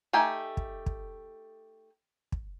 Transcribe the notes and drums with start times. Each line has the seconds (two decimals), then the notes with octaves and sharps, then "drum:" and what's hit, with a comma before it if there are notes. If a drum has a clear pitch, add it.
0.13 A3 D#4 G4 G#5
0.57 drum: kick
0.86 drum: kick
2.32 drum: kick